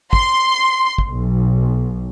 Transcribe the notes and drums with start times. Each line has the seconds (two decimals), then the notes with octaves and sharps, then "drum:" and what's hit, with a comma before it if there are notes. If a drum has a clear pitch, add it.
0.13 C6, drum: kick
0.98 drum: kick
1.10 B1